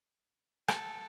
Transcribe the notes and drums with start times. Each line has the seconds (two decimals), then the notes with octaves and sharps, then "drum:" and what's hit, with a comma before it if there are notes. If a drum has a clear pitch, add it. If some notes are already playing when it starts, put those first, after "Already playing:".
0.68 A4, drum: rim click